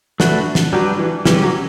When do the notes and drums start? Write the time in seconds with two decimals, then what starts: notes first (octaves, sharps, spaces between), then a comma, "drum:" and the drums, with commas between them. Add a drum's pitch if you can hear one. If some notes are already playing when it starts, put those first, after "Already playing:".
0.20 A3 D4 F#4 B4, drum: snare
0.55 drum: snare
0.72 F#3 G3 D4 G4 B4
0.99 E3
1.25 C#3 E3 G3 C#4 G4, drum: snare
1.42 F#3